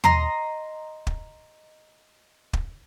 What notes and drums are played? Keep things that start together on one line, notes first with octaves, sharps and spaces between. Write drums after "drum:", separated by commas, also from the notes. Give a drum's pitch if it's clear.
D#5 A#5 C6, drum: tom D#2
drum: kick
drum: kick